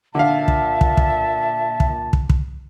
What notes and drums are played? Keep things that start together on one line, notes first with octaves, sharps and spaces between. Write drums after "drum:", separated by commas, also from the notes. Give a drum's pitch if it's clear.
A#2 D3 E5 F5 A5
drum: kick
drum: kick
drum: kick
drum: kick
drum: kick
drum: kick